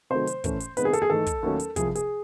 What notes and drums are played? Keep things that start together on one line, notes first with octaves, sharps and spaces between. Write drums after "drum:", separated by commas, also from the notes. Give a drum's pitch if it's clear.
C3 D#3 F#3 A3 C5
drum: hi-hat
A2 E3 A3 C#4, drum: kick, hi-hat
drum: hi-hat
C3 D#3 G#3 B3 B4, drum: hi-hat
G#4
A4, drum: hi-hat
G#4
G#2 E3 A3 A4
drum: kick, hi-hat
D#2 D#3 F#3 A3 C#4
drum: hi-hat
C2 C3 F3 G#4, drum: kick, hi-hat
G#4, drum: hi-hat